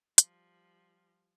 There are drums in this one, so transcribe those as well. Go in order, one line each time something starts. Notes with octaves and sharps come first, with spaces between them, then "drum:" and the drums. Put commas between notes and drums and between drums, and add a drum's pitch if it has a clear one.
F3 G3, drum: hi-hat